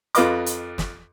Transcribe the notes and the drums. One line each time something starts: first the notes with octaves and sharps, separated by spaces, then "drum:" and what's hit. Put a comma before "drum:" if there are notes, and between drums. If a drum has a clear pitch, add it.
F2 F4 B4 D#5 D6, drum: hi-hat
drum: hi-hat
drum: snare